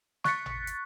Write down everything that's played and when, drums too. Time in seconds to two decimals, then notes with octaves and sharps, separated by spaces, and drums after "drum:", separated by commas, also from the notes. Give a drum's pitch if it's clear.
0.24 C#6 F#6 A6 B6 C#7, drum: snare
0.46 drum: tom G#1
0.67 drum: hi-hat